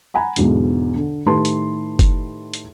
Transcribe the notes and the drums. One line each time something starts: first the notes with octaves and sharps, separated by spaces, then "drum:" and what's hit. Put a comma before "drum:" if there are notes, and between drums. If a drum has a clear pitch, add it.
F#5 G#5 A#5 B5
B1 E2 G#2 B2 D3, drum: hi-hat
D3
A2 D#3 G4 B4 A5 C6
drum: hi-hat
drum: kick, hi-hat
drum: hi-hat